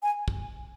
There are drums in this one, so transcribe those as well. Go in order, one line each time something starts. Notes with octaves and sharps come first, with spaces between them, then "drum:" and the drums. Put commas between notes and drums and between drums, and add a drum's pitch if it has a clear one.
G#5
drum: kick